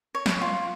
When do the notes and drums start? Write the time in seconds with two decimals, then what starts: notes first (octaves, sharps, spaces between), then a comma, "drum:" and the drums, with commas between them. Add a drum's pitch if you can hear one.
0.15 C#5
0.26 drum: snare
0.41 F4